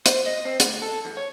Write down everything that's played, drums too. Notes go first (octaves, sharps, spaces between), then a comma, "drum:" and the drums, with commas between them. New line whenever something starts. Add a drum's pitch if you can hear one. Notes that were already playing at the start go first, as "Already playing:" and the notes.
C5, drum: hi-hat
D#5
C4
D2, drum: hi-hat
A4
E2
C#5